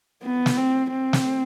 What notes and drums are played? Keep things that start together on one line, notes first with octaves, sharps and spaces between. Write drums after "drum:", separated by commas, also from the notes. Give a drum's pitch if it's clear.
B3
drum: snare
C4
C4
drum: snare